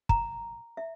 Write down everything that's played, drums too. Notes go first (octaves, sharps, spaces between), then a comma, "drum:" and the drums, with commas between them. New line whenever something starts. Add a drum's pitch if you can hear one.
A#5, drum: kick
E5